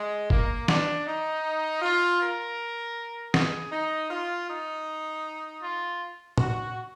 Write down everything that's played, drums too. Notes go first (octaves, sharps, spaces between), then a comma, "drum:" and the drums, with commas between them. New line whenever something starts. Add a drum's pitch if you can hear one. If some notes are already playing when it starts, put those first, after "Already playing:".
Already playing: G#3
A#3, drum: kick
D4, drum: snare
D#4
F4
A#4
G#4, drum: snare
D#4
F4
D#4
F4
F#4, drum: tom